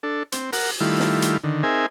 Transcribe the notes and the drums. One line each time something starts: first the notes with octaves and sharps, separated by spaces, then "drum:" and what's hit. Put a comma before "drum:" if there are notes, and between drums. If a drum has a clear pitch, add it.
D4 A4
C4, drum: hi-hat
A#4 F#5, drum: open hi-hat
D#3 G3 A3 E4 F4
drum: snare
drum: hi-hat
D3 D#3
C4 D#4 G#4 A#4 E5 G#5